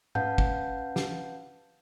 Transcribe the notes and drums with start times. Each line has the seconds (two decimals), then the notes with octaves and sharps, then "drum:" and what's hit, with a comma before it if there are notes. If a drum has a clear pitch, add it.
0.15 C#4 B4 F5 F#5 A5 G6, drum: tom G#2
0.38 drum: kick
0.96 drum: snare